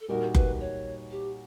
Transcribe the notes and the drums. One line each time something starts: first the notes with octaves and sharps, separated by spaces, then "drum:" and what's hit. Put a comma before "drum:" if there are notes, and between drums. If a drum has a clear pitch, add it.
A4
A#2 G3 A#3 D#4 F#4 A#4
B4, drum: kick F#1
C#5
G4